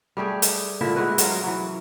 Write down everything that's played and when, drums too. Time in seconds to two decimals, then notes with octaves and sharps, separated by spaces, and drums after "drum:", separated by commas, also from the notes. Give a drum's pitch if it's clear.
0.17 G3 A3 G4 G#4
0.42 drum: hi-hat
0.81 A#2 D3 E4 E5
0.96 G#3 E4 F#4 B4
1.18 F#3 C#4 A#4 F5, drum: hi-hat
1.44 E3 F#3